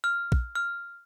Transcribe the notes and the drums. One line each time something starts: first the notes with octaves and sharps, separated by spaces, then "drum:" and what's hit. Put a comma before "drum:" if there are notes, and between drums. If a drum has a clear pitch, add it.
F6
drum: kick
F6